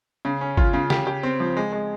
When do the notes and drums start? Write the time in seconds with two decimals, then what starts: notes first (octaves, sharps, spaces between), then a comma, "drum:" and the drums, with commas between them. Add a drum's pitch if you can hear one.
0.25 C#3
0.41 C#4
0.57 F4, drum: kick G#1
0.73 C#3
0.90 G4, drum: snare
1.07 G4
1.23 C4
1.40 F3
1.57 G#3
1.72 G#3